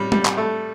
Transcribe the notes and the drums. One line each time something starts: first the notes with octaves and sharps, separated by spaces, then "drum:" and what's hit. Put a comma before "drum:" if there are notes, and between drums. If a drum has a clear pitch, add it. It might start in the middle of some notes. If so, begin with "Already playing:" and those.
Already playing: A2 G3
G3, drum: tom
drum: clap
A3